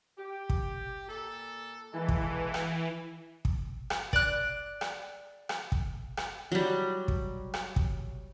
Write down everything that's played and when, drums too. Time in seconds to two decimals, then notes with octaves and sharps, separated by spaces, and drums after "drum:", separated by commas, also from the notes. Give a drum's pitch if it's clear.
0.19 G4
0.50 drum: kick
1.09 A#2 A4
1.93 E3 G#3 A#3 A4
2.09 drum: kick
2.54 drum: rim click
3.45 drum: kick
3.90 drum: rim click
4.13 D5 F#6, drum: kick
4.81 drum: rim click
5.49 drum: rim click
5.72 drum: kick
6.17 drum: rim click
6.52 F#3 G3
7.08 drum: kick
7.54 drum: rim click
7.76 drum: kick